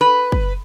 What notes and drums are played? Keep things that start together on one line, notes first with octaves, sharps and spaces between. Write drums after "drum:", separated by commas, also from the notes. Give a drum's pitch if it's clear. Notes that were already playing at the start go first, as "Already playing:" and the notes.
B4
drum: kick